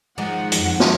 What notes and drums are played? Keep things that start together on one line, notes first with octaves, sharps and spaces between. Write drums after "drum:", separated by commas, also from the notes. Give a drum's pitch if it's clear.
D#3 F3 G#3 F#5
F2, drum: hi-hat
drum: snare